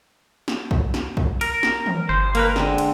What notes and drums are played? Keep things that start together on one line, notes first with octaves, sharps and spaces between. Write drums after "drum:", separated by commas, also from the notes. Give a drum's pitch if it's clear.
drum: snare
drum: kick
drum: snare
drum: kick
A#4, drum: cymbal
drum: snare
drum: tom
G1 C5
A#3 A#4 B4, drum: cymbal
D3 G#3 C4, drum: snare
drum: cymbal